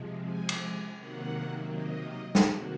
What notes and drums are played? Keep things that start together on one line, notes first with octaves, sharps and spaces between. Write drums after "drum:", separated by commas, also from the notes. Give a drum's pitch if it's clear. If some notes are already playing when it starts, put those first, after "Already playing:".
Already playing: C3 F3 G#3
G#5
drum: cymbal
C3 D#3 F#3 A#3 F#5
D#5
drum: snare
C3 D#3 A#3 F#4